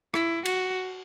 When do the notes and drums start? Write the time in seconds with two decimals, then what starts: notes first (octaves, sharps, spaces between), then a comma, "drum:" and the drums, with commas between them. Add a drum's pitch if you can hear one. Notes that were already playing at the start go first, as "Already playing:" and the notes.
0.14 E4, drum: rim click
0.46 F#4, drum: cymbal